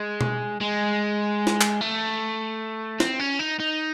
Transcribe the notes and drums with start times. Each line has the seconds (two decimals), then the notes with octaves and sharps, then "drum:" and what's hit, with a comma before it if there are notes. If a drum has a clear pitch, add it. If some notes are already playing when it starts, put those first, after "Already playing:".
Already playing: G#3
0.21 drum: tom B2
0.61 G#3
1.47 drum: snare
1.61 drum: clap
1.81 A3
3.00 C4, drum: snare
3.19 C#4
3.39 D#4
3.60 D#4